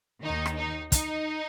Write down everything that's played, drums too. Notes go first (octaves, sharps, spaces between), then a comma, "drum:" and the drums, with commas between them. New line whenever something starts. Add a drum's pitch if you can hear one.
D#2 D#3 D#4
drum: rim click
D#4
D#4, drum: kick, hi-hat